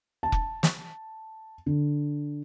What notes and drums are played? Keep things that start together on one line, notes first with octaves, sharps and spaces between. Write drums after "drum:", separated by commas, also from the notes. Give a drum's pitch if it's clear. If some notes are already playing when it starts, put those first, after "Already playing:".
A5
drum: kick
drum: snare
D3